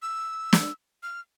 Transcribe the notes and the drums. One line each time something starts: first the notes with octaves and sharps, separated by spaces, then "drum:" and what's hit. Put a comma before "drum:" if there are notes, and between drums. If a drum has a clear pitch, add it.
E6
drum: snare
F6